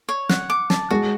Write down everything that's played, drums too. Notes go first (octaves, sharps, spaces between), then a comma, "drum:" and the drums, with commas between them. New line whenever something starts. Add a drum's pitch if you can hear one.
C#5
F#5, drum: snare
D6
A5, drum: snare
G#3 F#4